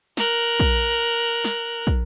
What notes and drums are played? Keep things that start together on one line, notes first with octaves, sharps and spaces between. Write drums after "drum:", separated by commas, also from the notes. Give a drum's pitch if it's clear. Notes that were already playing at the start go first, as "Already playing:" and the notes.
A#4 F#6, drum: snare
drum: kick
drum: snare
drum: kick